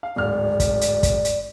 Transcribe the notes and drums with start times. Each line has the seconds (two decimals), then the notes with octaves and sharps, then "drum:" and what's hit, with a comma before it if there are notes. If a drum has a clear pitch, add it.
0.03 F5
0.16 D1 G#1 D5 F6
0.60 drum: kick, hi-hat
0.81 drum: hi-hat
1.03 drum: kick, hi-hat
1.25 drum: hi-hat